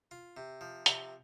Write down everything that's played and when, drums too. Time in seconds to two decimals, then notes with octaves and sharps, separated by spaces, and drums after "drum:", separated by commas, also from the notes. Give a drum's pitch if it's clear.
0.11 F4
0.37 C3
0.61 F3
0.86 C3, drum: hi-hat